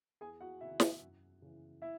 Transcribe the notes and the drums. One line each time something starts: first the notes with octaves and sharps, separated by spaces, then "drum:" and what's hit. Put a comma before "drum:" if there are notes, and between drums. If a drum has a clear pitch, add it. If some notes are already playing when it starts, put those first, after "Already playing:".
E2 G#4 G#5
F#4 F#5
C3 E4 E5
D#3
drum: snare
F#2
C#3 E3
E4 E5